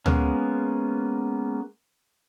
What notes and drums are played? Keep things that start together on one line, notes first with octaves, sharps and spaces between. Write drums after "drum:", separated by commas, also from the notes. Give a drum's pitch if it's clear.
G#3 A#3 B3 C#4, drum: tom D2